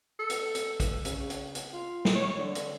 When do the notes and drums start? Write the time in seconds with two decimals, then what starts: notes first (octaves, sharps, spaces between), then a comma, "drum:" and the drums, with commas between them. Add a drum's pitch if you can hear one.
0.19 A4
0.30 drum: hi-hat
0.55 drum: hi-hat
0.80 drum: kick, hi-hat
1.05 C#3, drum: hi-hat
1.30 drum: hi-hat
1.55 drum: hi-hat
1.73 F4
2.05 drum: snare
2.15 C#5
2.38 D3
2.55 drum: hi-hat